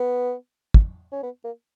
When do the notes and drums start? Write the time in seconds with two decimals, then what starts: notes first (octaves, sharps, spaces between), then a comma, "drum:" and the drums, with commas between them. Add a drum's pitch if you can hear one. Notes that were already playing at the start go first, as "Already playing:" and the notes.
Already playing: B3
0.74 drum: kick
1.12 C#4
1.23 B3
1.44 A#3